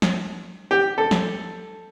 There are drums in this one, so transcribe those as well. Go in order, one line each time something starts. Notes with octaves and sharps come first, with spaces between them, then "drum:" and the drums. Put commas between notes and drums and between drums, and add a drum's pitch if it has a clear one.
drum: snare
G4
A4
drum: snare